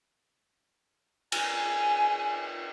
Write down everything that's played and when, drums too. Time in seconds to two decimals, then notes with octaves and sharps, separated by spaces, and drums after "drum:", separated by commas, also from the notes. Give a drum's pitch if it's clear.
1.32 G#5, drum: cymbal